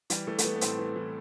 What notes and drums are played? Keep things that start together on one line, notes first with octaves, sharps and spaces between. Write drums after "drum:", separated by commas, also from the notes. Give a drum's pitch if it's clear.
E3 G3, drum: hi-hat
E3 A3
A3, drum: hi-hat
E3 B3
B3
A2 C4, drum: hi-hat
E3
E3